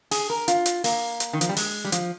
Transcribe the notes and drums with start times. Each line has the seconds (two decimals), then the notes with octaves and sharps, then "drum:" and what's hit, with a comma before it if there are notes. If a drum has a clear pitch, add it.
0.11 G#4, drum: open hi-hat
0.30 A#4
0.48 F4, drum: hi-hat
0.66 drum: hi-hat
0.84 A#3, drum: open hi-hat
1.20 drum: hi-hat
1.33 D#3
1.41 F3, drum: hi-hat
1.49 G3
1.57 G#3, drum: open hi-hat
1.85 G3
1.92 F3, drum: hi-hat